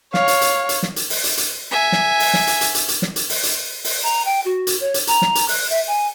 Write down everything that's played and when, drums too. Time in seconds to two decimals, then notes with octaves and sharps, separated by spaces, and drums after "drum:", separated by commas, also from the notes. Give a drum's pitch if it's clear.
0.14 C#5 F5, drum: snare
0.28 drum: hi-hat
0.41 drum: hi-hat
0.69 drum: hi-hat
0.83 drum: snare
0.96 drum: hi-hat
1.10 drum: open hi-hat
1.24 drum: hi-hat
1.37 drum: hi-hat
1.71 E5 G#5
1.92 drum: snare
2.20 drum: open hi-hat
2.33 drum: snare
2.47 drum: hi-hat
2.61 drum: hi-hat
2.75 drum: hi-hat
2.88 drum: hi-hat
3.02 drum: snare
3.16 drum: hi-hat
3.30 drum: open hi-hat
3.43 drum: hi-hat
3.84 drum: open hi-hat
4.03 A#5
4.25 G5
4.45 F#4
4.67 drum: hi-hat
4.80 C#5
4.94 drum: hi-hat
5.07 A#5, drum: hi-hat
5.22 drum: snare
5.35 drum: hi-hat
5.48 F#6, drum: open hi-hat
5.70 E5
5.87 G#5